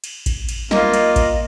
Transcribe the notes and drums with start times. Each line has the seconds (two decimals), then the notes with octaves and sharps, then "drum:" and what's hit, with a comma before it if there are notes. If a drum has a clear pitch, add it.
0.04 drum: cymbal
0.26 drum: kick A1, cymbal
0.49 drum: cymbal
0.71 A#3 F4 D#5, drum: snare
0.94 drum: cymbal
1.16 drum: kick A1, cymbal